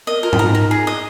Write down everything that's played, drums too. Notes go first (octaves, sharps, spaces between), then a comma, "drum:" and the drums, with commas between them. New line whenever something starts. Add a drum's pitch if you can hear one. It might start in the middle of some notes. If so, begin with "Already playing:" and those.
A#4 D#5
F4 A#4
F4, drum: tom G#2
D#4 A#5
A#4
G#4
D#5